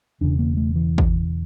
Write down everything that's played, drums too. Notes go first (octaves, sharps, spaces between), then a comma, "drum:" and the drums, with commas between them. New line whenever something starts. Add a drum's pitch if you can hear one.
E1 E2 C#3 D4
A#3
A3
E3
drum: kick